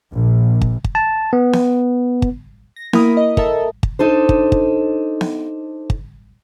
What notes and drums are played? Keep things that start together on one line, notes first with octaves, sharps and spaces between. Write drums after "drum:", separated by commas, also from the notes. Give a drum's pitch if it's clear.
A#1
drum: kick
drum: kick
A5
B3
drum: snare B3
drum: kick
A#6
A#3 E4 A#4 B5 D#6, drum: snare B3
D#5
A4 A#4 D#5 E5 A5, drum: kick
drum: kick
D4 D#4 A4 C5
drum: kick
drum: kick
drum: snare B3
drum: kick